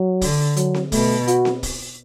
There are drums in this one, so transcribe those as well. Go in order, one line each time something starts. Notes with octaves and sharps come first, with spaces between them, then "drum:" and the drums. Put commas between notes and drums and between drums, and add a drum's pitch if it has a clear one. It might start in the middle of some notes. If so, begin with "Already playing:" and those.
Already playing: F#3
D3, drum: kick, open hi-hat
F#3, drum: hi-hat
drum: snare C4
B2 A3, drum: kick, open hi-hat
F#4, drum: hi-hat
drum: snare C4
drum: kick, open hi-hat